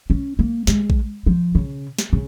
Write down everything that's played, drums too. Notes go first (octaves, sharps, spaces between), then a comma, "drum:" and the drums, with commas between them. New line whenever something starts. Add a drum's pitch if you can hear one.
C#4
A#3
G#3, drum: snare
drum: kick A#1
F3
C#3
drum: snare
C#3